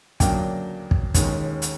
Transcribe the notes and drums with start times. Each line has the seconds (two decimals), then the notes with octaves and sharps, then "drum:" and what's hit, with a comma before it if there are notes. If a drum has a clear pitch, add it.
0.20 D2 C#3 F#3 A#3 D4 G5, drum: kick, hi-hat
0.91 drum: kick
1.14 E1 D#2 D#3 G#3 C#4, drum: kick, hi-hat
1.62 drum: hi-hat